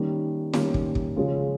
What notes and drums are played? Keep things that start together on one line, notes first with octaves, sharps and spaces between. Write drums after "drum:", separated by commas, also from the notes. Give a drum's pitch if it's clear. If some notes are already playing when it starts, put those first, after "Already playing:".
Already playing: D#3 G3 A#3 C#4 G4
D#3 G3 A#3 C#4 G4, drum: snare
drum: kick
drum: kick
C#3 F3 G#3 C#4 F4